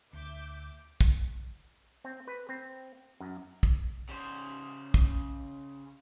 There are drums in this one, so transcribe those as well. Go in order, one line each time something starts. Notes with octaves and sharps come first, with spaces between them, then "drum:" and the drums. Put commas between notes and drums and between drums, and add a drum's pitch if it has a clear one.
D2 E5 D6 G6
drum: kick
C4
B4
C4
F#2
drum: kick
C#3 C5
drum: kick